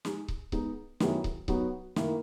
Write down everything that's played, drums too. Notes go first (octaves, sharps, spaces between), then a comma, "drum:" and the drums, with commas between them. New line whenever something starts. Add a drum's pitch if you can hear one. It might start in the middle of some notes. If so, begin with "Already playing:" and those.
G#3 D#4 G#4, drum: snare
drum: kick C#1
G#3 B3 D#4, drum: kick C#1
D#3 F#3 B3 E4 G#4, drum: snare
drum: kick C#1
F#3 B3 D#4 F#4, drum: kick C#1
D#3 A#3 E4, drum: snare